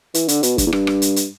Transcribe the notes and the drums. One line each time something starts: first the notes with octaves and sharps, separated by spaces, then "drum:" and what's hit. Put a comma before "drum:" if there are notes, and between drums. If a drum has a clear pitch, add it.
E3, drum: hi-hat
D3, drum: hi-hat
B2, drum: hi-hat
G2, drum: kick, hi-hat
E2
G2, drum: rim click
drum: rim click
drum: hi-hat
drum: hi-hat